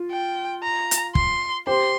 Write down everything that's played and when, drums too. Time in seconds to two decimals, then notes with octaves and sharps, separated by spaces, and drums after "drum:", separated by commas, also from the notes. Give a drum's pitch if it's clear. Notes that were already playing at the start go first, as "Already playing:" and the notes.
Already playing: F4
0.11 G5
0.64 A#5
0.91 drum: hi-hat
1.15 C6, drum: kick
1.67 G4 C5 C6